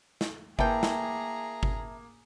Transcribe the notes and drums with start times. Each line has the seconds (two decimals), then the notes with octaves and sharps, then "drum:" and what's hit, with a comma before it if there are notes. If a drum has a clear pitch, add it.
0.21 drum: snare
0.59 E3 A#3 G#4 E5 G5 A5 A#5, drum: kick G1
0.83 drum: snare
1.63 drum: kick G1